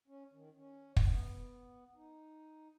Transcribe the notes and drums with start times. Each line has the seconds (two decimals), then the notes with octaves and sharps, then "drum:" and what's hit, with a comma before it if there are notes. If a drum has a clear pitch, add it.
0.08 C#4
0.34 D#3
0.56 C#4
0.96 drum: kick
1.06 B3
1.96 D#4